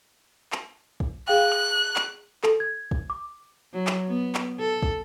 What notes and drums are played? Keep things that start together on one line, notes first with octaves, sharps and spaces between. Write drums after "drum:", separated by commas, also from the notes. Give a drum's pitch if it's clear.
drum: clap
drum: kick
G#4 F5 G5 F#6
drum: clap
A4, drum: clap
G#6
drum: kick
D6
F#3
drum: clap
B3
drum: clap
A4
drum: kick